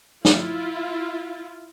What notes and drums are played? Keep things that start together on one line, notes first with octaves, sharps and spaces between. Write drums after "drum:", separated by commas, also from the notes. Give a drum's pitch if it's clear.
E4 F4, drum: snare